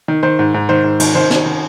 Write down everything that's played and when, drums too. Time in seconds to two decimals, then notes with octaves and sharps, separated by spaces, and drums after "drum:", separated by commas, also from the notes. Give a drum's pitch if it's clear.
0.08 D#3
0.23 D#3 C5
0.39 G#2
0.54 G#2
0.69 D#3 C5
0.84 G#2
1.00 D#3, drum: cymbal
1.15 D#3 C5
1.30 D#3, drum: snare
1.46 D#3